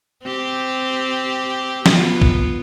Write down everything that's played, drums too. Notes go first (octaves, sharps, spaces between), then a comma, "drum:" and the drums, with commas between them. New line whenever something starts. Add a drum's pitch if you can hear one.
C4 G4
B3 F4, drum: snare
drum: kick